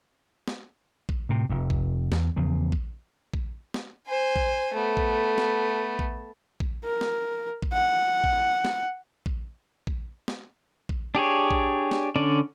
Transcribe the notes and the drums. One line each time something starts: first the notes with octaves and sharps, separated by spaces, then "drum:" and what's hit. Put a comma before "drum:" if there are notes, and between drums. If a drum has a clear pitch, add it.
drum: snare
drum: kick A#1
A2 C3
F1 F2
drum: kick A#1
E2, drum: snare
E2 C#3 F3
drum: kick A#1
drum: kick A#1
drum: snare
C5 G#5
drum: kick A#1
A3 B3
drum: kick A#1
drum: snare
drum: kick A#1
drum: kick A#1
A#4
drum: snare
drum: kick A#1
F#5
drum: kick A#1
drum: snare
drum: kick A#1
drum: kick A#1
drum: snare
drum: kick A#1
D4 G4 G#4 C#5
drum: kick A#1
drum: snare
D3 C#4 D4 D5